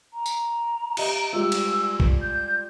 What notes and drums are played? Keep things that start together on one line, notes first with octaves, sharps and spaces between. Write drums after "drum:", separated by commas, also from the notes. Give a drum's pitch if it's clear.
A#5
drum: tambourine
G4 D#5, drum: cymbal
G3 G#3 F4 E6
drum: cymbal
drum: kick
G6